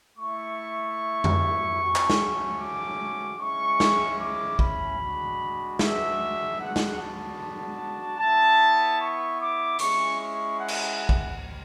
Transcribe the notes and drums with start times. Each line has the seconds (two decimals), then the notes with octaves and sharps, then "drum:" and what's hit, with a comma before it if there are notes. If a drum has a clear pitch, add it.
0.18 A3 E4 C#6
1.24 drum: tom F2
1.78 A3 C#4 F#4
1.95 drum: clap
2.10 drum: snare
2.58 D6
3.38 G#3 C#4 E4 C#6
3.80 drum: snare
4.19 D6
4.59 B5, drum: kick A1
4.99 G#3 D4 F#4
5.79 E5, drum: snare
6.59 B3 D4 F#4 F#5
6.76 drum: snare
6.98 A5
8.18 B3 E4 A5
8.98 C#6
9.39 D6
9.79 G#3 C#4 E4 C#6, drum: hi-hat
10.20 C#6
10.59 F#5
10.68 drum: cymbal
11.09 drum: kick A1